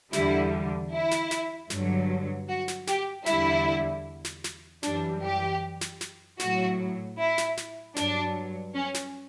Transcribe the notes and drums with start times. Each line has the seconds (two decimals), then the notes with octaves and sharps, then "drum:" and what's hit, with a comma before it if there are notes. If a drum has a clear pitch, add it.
0.13 E2 D3 G3 E4, drum: snare
0.92 E4
1.11 drum: snare
1.31 drum: snare
1.70 G2 D3 F#3, drum: snare
2.48 F#4
2.68 drum: snare
2.87 G4, drum: snare
3.26 E2 D3 G3 E4, drum: snare
4.25 drum: snare
4.44 drum: snare
4.83 F#2 E3 G3 D4, drum: snare
5.23 G4
5.81 drum: snare
6.01 drum: snare
6.40 A2 F#3 F#4, drum: snare
7.18 E4
7.38 drum: snare
7.57 drum: snare
7.96 G2 F#3 D4, drum: snare
8.74 C#4
8.94 drum: snare